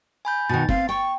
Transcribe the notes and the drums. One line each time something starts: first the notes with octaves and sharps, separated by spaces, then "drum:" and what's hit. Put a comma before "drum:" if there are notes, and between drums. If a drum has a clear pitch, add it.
G#5 B5 G6
B2 D#3 F#4 A6
C4 F5, drum: kick
G5 C#6